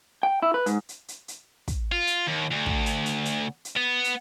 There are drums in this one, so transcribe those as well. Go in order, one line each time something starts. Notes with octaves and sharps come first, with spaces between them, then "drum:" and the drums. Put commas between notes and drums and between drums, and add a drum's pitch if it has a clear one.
G5
E4
B4
G#2, drum: hi-hat
drum: hi-hat
drum: hi-hat
drum: hi-hat
drum: kick, hi-hat
F4
drum: hi-hat
D#2
D2
drum: kick
drum: hi-hat
drum: hi-hat
drum: hi-hat
drum: hi-hat
B3
drum: hi-hat